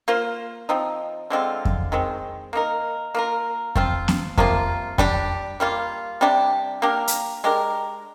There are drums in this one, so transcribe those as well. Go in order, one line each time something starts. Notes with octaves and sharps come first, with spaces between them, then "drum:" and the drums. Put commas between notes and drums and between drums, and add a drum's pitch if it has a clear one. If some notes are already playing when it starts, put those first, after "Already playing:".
A#3 F4 C5
F3 C4 D#4
D3 G#3 C4 F4
drum: kick F2
D#3 G#3 C4
A#3 D#4 A#4
A#3 F4 A#4
F3 C4 F4, drum: kick F2
drum: snare B3
C3 F3 A#3 F4, drum: kick F2
G3 D4 G4, drum: kick F2
G3 A#3 F4
C3 G3 D4 G4
A#3 D4 G4 A#4
drum: hi-hat
G#3 D4 G4 A#4